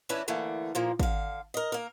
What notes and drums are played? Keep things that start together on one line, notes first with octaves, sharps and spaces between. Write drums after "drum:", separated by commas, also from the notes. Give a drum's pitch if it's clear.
E3 C#4 D4 E4 B4
D3 E3 A3 A#3
A#2 F3 A#3
D3 F5, drum: kick
A#4 D#5
A#3 A#4